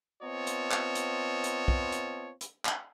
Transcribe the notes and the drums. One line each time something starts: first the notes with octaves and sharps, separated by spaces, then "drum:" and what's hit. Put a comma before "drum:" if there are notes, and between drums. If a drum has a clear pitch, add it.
B3 C4 F4 C#5 D#5 A5
drum: hi-hat
drum: clap
drum: hi-hat
drum: hi-hat
drum: kick
drum: hi-hat
drum: hi-hat
drum: clap